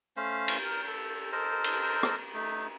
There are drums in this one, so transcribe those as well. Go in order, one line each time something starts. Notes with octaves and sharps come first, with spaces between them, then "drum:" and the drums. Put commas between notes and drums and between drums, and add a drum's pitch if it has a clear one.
A3 C#4 C5 F5
drum: cymbal
A#4
A4
A4 A#4 C5 D#5
drum: cymbal
drum: rim click
A3 D#4